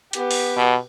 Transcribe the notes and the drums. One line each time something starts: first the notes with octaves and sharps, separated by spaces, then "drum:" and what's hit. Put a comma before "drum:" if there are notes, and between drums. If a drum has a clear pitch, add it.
B3 G4, drum: hi-hat
drum: open hi-hat
B2